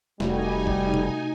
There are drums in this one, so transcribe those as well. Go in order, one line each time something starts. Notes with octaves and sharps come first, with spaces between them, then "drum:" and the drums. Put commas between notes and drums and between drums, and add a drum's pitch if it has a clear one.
F1 C3 G3 A3 D#4 F#4 G#5, drum: snare
drum: kick
drum: tom B2